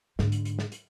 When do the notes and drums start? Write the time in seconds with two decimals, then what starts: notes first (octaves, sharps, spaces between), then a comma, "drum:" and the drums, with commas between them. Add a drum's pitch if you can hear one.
0.19 G#2 D3, drum: snare
0.32 drum: hi-hat
0.45 drum: hi-hat
0.59 drum: snare
0.72 drum: hi-hat